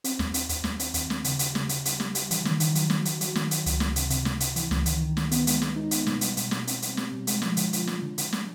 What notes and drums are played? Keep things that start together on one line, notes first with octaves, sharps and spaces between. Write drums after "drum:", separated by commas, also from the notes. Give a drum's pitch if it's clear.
C4, drum: hi-hat
D#2, drum: snare
C4, drum: hi-hat
D#2, drum: hi-hat
D#2, drum: snare
C4, drum: hi-hat
D#2, drum: hi-hat
G3, drum: snare
C#3, drum: hi-hat
G3, drum: hi-hat
C#3, drum: snare
C#3, drum: hi-hat
G3, drum: hi-hat
G3, drum: snare
G3, drum: hi-hat
E3, drum: hi-hat
D#3, drum: snare
D#3, drum: hi-hat
F#3, drum: hi-hat
F#3, drum: snare
F#3, drum: hi-hat
F#3, drum: hi-hat
D#3, drum: snare
F#3, drum: hi-hat
C#2, drum: hi-hat
C#2, drum: snare
C3, drum: hi-hat
C3, drum: hi-hat
C3, drum: snare
C3, drum: hi-hat
E3, drum: hi-hat
C#2, drum: snare
D#3, drum: hi-hat
D#3
D#3, drum: snare
B3, drum: hi-hat
G#3, drum: hi-hat
G#3, drum: snare
D#4
B3, drum: hi-hat
B2, drum: snare
G3, drum: hi-hat
B2, drum: hi-hat
B2, drum: snare
C4, drum: hi-hat
G3, drum: hi-hat
G3, drum: snare
B2
G#3, drum: hi-hat
F3, drum: snare
D3, drum: hi-hat
F3, drum: hi-hat
F3, drum: snare
D3
D3, drum: hi-hat
drum: snare